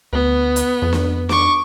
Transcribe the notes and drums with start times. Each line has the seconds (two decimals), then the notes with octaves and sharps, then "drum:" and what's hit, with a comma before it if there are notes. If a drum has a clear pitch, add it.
0.13 D2 B3
0.56 drum: hi-hat
0.82 F2
0.93 drum: snare
1.29 C#6 D6, drum: snare